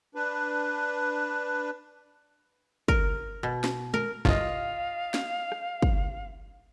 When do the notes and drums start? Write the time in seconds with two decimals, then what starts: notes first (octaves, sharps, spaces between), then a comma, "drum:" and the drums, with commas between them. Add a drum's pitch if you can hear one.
0.15 D4 B4
2.88 A#4, drum: kick
3.43 B2
3.64 drum: snare
3.94 A#4, drum: tom G#3
4.25 G1 C2 F4 D#5 F5
5.14 drum: snare
5.52 drum: rim click
5.82 drum: kick